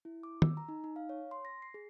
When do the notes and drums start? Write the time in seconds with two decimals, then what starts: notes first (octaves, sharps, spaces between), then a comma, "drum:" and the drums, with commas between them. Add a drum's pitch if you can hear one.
0.05 E4
0.23 D6
0.42 E6, drum: tom
0.57 A#5
0.68 D#4
0.84 D#4
0.96 F5
1.09 C#5
1.31 C6
1.45 A#6
1.62 C7
1.74 G#4